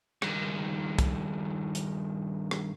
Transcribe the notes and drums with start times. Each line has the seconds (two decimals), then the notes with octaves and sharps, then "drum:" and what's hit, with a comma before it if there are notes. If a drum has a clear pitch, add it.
0.22 G2 D#3, drum: rim click
0.99 drum: kick, hi-hat
1.75 drum: hi-hat
2.51 drum: rim click